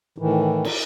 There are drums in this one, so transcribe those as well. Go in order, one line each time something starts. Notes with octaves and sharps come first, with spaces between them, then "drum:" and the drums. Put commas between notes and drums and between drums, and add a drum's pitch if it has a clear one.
A2 D#3 E3
drum: cymbal